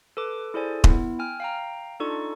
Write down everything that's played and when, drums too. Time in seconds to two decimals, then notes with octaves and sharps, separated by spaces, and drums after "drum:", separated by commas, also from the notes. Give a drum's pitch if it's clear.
0.17 A4 B4 D6
0.54 E4 G#4 A4 C5 D5 G#5
0.84 B3 E4, drum: kick D#1
1.19 G5 G#5 F6
1.40 F5 G5 A#5
2.00 D4 D#4 F4 A4 D5 C#6